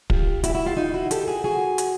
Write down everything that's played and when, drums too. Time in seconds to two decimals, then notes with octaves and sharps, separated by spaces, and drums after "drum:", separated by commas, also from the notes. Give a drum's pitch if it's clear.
0.10 F4 G4, drum: kick
0.44 E4 F#4, drum: hi-hat
0.50 G4
0.55 E4 F#4
0.66 F4 G4
0.77 D#4 F4
0.94 E4 F#4
1.11 G4 A4, drum: hi-hat
1.27 F#4 G#4
1.44 F#4 G#4
1.78 drum: hi-hat